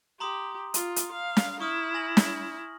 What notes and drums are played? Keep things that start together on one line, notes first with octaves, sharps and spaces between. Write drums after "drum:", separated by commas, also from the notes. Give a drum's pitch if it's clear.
G4 A#5 C6 D#6
F4, drum: hi-hat
drum: hi-hat
F5
drum: snare
E4 C#6 D#6 F6
G#5 A#6 F#7
drum: snare